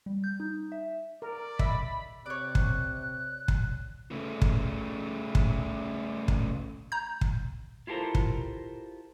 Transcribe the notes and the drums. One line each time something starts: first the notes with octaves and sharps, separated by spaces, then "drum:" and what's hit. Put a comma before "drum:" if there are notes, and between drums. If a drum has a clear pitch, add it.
G3
G6
D#4
E5
A#4 D5
D#5 E5 B5, drum: kick
C3 C#5 D5 F#6
drum: kick
drum: kick
C#3 A3
drum: kick
drum: kick
drum: kick
A#5 G6
drum: kick
E4 F4 G4 A4 A#4 C5
drum: kick